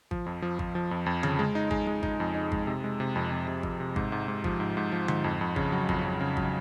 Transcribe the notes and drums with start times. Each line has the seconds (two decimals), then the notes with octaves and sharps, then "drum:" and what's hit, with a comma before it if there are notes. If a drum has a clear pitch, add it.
0.11 F3, drum: kick G#1
0.26 F2
0.42 F3
0.59 F3, drum: kick G#1
0.75 F3
0.91 F2
1.06 F2
1.23 C#3, drum: tom D3
1.39 G#3
1.55 D#4
1.71 G#3, drum: kick G#1
1.87 G#3
2.03 D#4, drum: kick G#1
2.20 F2
2.35 D#4
2.52 G#3, drum: kick G#1
2.67 C3
2.84 G#3
3.00 C3
3.16 F2
3.32 F2
3.48 C3
3.63 F2, drum: kick G#1
3.80 C3
3.96 G#2, drum: kick G#1
4.12 G#2
4.28 G#2
4.44 F3, drum: kick G#1
4.60 G#2
4.77 G#2
4.92 F3
5.08 G#2, drum: tom D3
5.24 F2
5.41 F2
5.56 C#3, drum: kick G#1
5.72 F#3
5.89 F2, drum: kick G#1
6.05 F2
6.21 C#3
6.37 F#3, drum: kick G#1